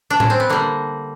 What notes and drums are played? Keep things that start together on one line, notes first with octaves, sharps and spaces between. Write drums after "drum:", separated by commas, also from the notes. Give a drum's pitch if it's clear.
D4
C#4, drum: tom A2
C4
B3
D3 G3 A#3